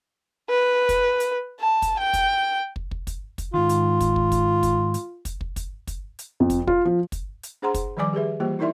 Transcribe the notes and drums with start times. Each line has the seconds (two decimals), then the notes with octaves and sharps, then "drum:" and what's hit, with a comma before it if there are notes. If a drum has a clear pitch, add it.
0.49 B4
0.89 drum: kick, hi-hat
1.20 drum: hi-hat
1.60 A5
1.82 drum: kick, hi-hat
1.99 G5
2.13 drum: kick, hi-hat
2.76 drum: kick
2.91 drum: kick
3.07 drum: kick, hi-hat
3.38 drum: kick, hi-hat
3.54 G#2 D#3 F4
3.69 drum: hi-hat
4.00 drum: kick, hi-hat
4.16 drum: kick
4.32 drum: kick, hi-hat
4.63 drum: kick, hi-hat
4.94 drum: hi-hat
5.25 drum: kick, hi-hat
5.41 drum: kick
5.56 drum: kick, hi-hat
5.87 drum: kick, hi-hat
6.19 drum: hi-hat
6.40 F2
6.50 drum: kick, hi-hat
6.67 F4, drum: kick
6.85 F3
7.12 drum: kick, hi-hat
7.43 drum: hi-hat
7.62 D4 G#4 C5 F#5 A#5 C6
7.74 drum: kick, hi-hat
7.97 D#3 F3 G3 D5 G#5 D6
8.13 G4 G#4 B4 E5
8.40 E3 G3 A#3 F4 G4 C5
8.59 D#4 E4 A#4 D5 E5 C6